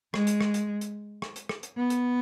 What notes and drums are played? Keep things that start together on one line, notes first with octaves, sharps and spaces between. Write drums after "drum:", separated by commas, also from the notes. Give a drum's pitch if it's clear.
G#3, drum: rim click
drum: hi-hat
drum: rim click
drum: hi-hat
drum: hi-hat
drum: rim click
drum: hi-hat
drum: rim click
drum: hi-hat
B3
drum: hi-hat